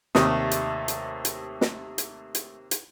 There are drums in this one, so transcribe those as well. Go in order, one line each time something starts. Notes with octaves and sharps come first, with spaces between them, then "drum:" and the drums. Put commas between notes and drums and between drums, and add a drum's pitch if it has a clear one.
D#2 C3 D#3 G3 A3 D#6, drum: snare
drum: hi-hat
drum: hi-hat
drum: hi-hat
drum: snare
drum: hi-hat
drum: hi-hat
drum: hi-hat